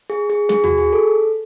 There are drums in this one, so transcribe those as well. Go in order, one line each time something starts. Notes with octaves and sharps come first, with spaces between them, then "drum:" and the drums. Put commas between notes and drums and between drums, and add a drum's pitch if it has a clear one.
G#4
G#4
G#4, drum: snare
F#4, drum: tom D#2
G#4
A4